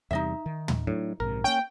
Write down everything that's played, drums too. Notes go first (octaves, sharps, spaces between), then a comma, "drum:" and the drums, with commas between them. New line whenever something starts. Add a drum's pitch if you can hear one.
E2 C3 G3 D#4 D#5 E5
D#3
drum: tom
A2 F#3 D4
A#1 G#2 C3 A#4
A#3 B3 C#4 G5